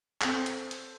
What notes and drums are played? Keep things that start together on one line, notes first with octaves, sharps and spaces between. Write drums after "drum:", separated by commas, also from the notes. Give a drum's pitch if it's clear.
C4 A4, drum: clap
drum: hi-hat
drum: hi-hat